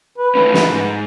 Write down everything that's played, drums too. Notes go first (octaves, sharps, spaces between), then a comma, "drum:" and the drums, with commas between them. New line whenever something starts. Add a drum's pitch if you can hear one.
B4
D#3 A3 C#4
drum: snare
G#2